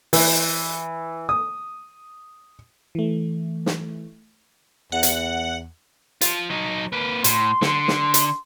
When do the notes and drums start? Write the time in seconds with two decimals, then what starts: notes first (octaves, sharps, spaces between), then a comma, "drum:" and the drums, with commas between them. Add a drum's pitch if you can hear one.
0.13 E3, drum: open hi-hat
1.29 D#6
2.95 E3 A3
3.66 drum: snare
4.92 E2 F#5
5.03 drum: hi-hat
6.21 F3 F4, drum: hi-hat
6.50 F#3 D#4
6.92 A#3 B4
7.24 A2 C6, drum: hi-hat
7.62 D3, drum: snare
7.88 drum: snare
8.14 drum: hi-hat